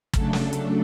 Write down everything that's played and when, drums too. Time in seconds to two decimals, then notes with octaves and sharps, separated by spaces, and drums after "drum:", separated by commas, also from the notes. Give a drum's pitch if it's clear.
0.13 C#3 F#3 A3 D4 A4, drum: kick, hi-hat
0.33 drum: snare
0.53 drum: hi-hat